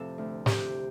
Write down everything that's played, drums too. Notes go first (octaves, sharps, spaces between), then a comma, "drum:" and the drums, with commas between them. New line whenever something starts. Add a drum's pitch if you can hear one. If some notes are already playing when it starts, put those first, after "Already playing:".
Already playing: F2 A2 C3 F3 A4
D2
C3 G4, drum: snare